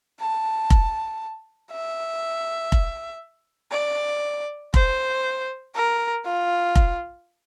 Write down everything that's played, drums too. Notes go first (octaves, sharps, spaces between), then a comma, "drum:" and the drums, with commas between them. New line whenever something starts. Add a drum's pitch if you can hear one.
A5
drum: kick F1
E5
drum: kick F1
D5
C5, drum: kick F1
A#4
F4
drum: kick F1